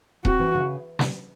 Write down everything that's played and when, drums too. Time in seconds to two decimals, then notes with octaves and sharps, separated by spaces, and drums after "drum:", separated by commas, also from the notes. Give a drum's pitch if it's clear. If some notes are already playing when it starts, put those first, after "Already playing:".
0.25 C4 F#4, drum: kick D#1
0.39 E3
0.55 C#3
0.99 drum: snare